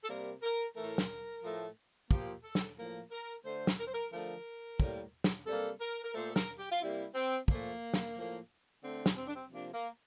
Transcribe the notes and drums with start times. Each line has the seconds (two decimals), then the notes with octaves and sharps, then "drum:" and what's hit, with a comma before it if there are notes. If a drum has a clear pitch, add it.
0.04 A4
0.09 C3 G3 A#3 A#4
0.42 A#4
0.75 A2 E3 A3 A#4
0.98 drum: snare
1.43 A2 F3 A3
2.11 A#2 F3 A#3 G4, drum: kick
2.44 A4
2.55 drum: snare
2.77 A2 F3 A#3 A#4
3.12 A#4
3.45 D3 A3 C5
3.67 drum: snare
3.79 A#4
3.86 C5
3.94 A#4
4.12 D3 F3 A3 A#4
4.80 A2 G3 A#3, drum: kick
5.24 drum: snare
5.47 C3 G3 A#3 A4
5.81 A#4
6.03 A#4
6.14 A#2 A3 C5
6.29 A4
6.36 A#4, drum: snare
6.59 G4
6.72 F4
6.82 C3 G3 A#3 E4
7.14 C4
7.48 A#2 F3 A3 A#3, drum: kick
7.94 drum: snare
8.16 A2 F3 A#3
8.83 D3 A3 C4
9.06 drum: snare
9.16 C4
9.27 D4
9.35 C4
9.51 C3 F3 A#3 D4
9.73 A#3